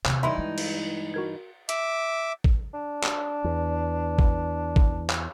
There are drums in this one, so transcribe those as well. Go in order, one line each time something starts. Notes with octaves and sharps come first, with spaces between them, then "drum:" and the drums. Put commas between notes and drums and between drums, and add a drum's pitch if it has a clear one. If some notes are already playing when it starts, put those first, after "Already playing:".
E2 C3, drum: clap
G2 E3 D#4 E5 B5 C6
G#3
drum: cymbal
F#4 A#4 G#6
E5 D6, drum: hi-hat
drum: kick A1
D4
drum: clap
E2
drum: kick A1
drum: kick A1
drum: clap